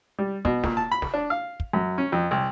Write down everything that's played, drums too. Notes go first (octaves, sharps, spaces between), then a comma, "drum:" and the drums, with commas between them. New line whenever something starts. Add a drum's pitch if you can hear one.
G3
B2, drum: kick
A#2, drum: snare
A5
B5
drum: snare
D4
F5
drum: kick
F#2
C#4
F2
C2